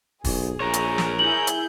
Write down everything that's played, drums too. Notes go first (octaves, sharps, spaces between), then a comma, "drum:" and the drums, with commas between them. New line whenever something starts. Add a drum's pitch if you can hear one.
B1 G#4, drum: kick, open hi-hat
A#1 A#4 C#5
drum: hi-hat
drum: snare
E4 G#4 G6 F#7
drum: hi-hat